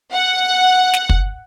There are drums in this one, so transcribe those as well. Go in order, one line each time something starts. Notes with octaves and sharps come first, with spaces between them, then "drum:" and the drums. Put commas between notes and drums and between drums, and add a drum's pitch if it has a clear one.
F#5
drum: snare
drum: kick